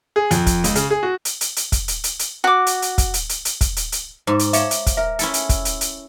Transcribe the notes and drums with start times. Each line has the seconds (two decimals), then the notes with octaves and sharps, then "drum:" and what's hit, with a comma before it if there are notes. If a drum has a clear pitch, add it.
0.16 G#4
0.31 F2, drum: hi-hat
0.46 drum: kick, hi-hat
0.64 C#2, drum: hi-hat
0.75 C#3, drum: hi-hat
0.90 G#4
1.03 F#4
1.25 drum: hi-hat
1.41 drum: hi-hat
1.56 drum: hi-hat
1.72 drum: kick, hi-hat
1.88 drum: hi-hat
2.04 drum: hi-hat
2.19 drum: hi-hat
2.44 F#4 D6
2.66 drum: hi-hat
2.82 drum: hi-hat
2.98 drum: kick, hi-hat
3.14 drum: hi-hat
3.29 drum: hi-hat
3.45 drum: hi-hat
3.61 drum: kick, hi-hat
3.76 drum: hi-hat
3.92 drum: hi-hat
4.27 G#2 C5 A#5 D6
4.39 drum: hi-hat
4.53 C#5 E5 F5 A5 D6, drum: hi-hat
4.71 drum: hi-hat
4.87 drum: kick, hi-hat
4.97 A#4 E5
5.19 C#4 E4 A4, drum: hi-hat
5.34 drum: hi-hat
5.49 drum: kick, hi-hat
5.65 drum: hi-hat
5.81 drum: hi-hat